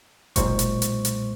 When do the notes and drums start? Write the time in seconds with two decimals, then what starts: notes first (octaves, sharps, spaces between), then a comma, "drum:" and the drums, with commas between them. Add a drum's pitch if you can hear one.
0.36 B1 A#2 G#3 C5 C#6, drum: kick F#1, hi-hat
0.59 drum: hi-hat
0.82 drum: hi-hat
1.05 drum: hi-hat